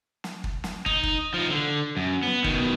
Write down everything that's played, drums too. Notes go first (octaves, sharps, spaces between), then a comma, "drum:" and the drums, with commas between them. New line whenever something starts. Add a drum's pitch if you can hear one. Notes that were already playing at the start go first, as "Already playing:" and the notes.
drum: snare
drum: kick
drum: snare
D#4, drum: kick
drum: kick
F3 D#4
D3
F#2
B3
B2 D#3, drum: kick